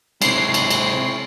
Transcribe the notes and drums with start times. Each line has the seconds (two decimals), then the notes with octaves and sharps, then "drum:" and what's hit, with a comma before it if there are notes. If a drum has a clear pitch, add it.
0.22 C3 G#3 C4 E4 C#5 C7, drum: cymbal
0.54 drum: cymbal
0.71 drum: cymbal